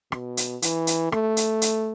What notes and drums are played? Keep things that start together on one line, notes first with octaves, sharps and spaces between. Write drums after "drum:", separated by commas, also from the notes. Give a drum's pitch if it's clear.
B2, drum: rim click
drum: hi-hat
E3, drum: hi-hat
drum: hi-hat
A3, drum: rim click
drum: hi-hat
drum: hi-hat